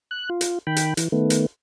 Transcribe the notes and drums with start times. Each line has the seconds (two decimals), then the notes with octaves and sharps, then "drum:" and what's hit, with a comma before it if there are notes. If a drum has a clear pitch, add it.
0.11 F#6
0.30 F4
0.41 drum: hi-hat
0.67 D#3 G5 B5
0.76 drum: hi-hat
0.97 E3, drum: hi-hat
1.12 D#3 A3 B3
1.30 drum: hi-hat